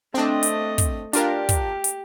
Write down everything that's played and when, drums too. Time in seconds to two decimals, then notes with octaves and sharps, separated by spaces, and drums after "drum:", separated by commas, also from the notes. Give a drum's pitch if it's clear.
0.14 A3 C4 D4 D#5
0.43 drum: hi-hat
0.78 drum: kick, hi-hat
1.13 D4 F4 G4 A#4, drum: hi-hat
1.49 drum: kick, hi-hat
1.84 drum: hi-hat